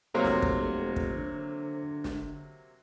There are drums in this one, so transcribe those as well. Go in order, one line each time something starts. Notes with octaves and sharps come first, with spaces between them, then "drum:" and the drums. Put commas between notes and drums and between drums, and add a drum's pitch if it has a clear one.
F1 C3 F#3 A#3 A4 C5 C6
drum: snare
drum: kick
drum: kick
D3
drum: snare